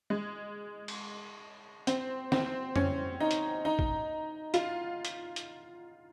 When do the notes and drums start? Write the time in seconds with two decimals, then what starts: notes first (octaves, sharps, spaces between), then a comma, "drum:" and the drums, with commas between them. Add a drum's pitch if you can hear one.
0.10 G#3
0.88 drum: cymbal
1.87 C4, drum: hi-hat
2.32 C4, drum: snare
2.76 C#4, drum: tom
3.20 D#4
3.31 drum: hi-hat
3.65 D#4
3.79 drum: kick
4.54 F4, drum: hi-hat
5.05 drum: hi-hat
5.36 drum: hi-hat